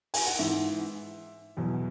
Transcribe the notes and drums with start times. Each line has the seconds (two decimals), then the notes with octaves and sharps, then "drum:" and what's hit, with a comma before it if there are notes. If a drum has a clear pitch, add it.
0.14 G#5, drum: open hi-hat
0.27 F#5
0.39 G#2 E3 E5
1.57 E2 B2 F#3